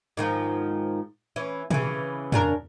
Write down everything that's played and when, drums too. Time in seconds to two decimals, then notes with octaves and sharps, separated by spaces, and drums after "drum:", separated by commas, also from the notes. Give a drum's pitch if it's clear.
0.17 G#2 D#3 F3
1.36 E3 C#4
1.71 C#3 E3, drum: tom
2.32 C#3 D4 A#4, drum: tom